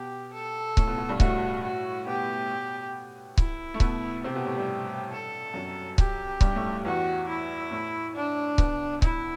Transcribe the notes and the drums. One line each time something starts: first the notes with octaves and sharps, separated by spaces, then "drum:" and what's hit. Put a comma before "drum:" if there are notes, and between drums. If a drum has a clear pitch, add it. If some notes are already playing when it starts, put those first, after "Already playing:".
Already playing: B2 G4
A4
A2, drum: kick C#1
B2
B2
G2 G3
A2 A3 F#4, drum: kick C#1
F#4
B2 B3 G4
E4, drum: kick C#1
A3
B2 B3, drum: kick C#1
C3 C4 G4
B2 B3
A2 A3
G2 G3
A4
F#2 F#3
G4, drum: kick C#1
G2 G3, drum: kick C#1
A2 A3
E2 E3 F#4
E4
A2 A3
D4
B2 B3, drum: kick C#1
E4, drum: kick C#1